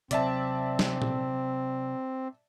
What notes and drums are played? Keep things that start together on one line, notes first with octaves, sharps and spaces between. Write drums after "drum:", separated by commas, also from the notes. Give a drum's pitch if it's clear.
C3 F#3 C4 D5 E5 A5, drum: hi-hat
drum: snare
drum: tom